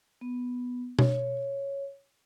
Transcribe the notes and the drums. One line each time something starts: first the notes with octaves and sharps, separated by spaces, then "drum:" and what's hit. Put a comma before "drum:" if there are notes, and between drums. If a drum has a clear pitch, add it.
B3
C#5, drum: tom B2